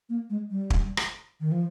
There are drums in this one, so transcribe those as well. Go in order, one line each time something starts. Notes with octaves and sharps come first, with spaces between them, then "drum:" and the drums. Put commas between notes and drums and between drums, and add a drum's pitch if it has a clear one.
A#3
G#3
G3
drum: kick
drum: rim click
D#3
F3